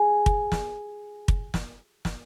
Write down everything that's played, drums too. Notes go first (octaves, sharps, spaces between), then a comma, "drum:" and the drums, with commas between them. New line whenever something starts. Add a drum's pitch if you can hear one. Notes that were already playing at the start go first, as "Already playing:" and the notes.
Already playing: G#4
drum: kick
drum: snare
drum: kick
drum: snare
drum: snare